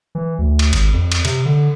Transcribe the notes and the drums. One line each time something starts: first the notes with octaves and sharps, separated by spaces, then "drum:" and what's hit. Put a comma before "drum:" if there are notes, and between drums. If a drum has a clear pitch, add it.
E3
D2
drum: cymbal
G#1, drum: cymbal
F2
drum: cymbal
C3, drum: cymbal
D3